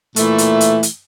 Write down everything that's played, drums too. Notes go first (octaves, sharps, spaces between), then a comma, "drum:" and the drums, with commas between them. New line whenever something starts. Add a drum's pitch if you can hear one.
A#2 E3 A3, drum: hi-hat
drum: hi-hat
drum: hi-hat
drum: hi-hat